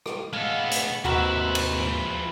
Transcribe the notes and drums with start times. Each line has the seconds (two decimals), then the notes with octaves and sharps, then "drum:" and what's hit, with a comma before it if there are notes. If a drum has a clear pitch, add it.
0.06 drum: rim click
0.33 A2 G#3 B3 A4 F5
0.71 drum: hi-hat
1.04 D#2 G#2 C3 E4 F#4 A#4 B4 E5
1.55 drum: cymbal
1.79 F3 E4